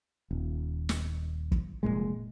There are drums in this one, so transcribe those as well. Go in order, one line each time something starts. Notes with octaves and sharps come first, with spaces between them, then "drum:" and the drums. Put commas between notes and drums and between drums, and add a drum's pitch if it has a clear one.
D#1
drum: snare
drum: kick
F1 C2 A#2 G#3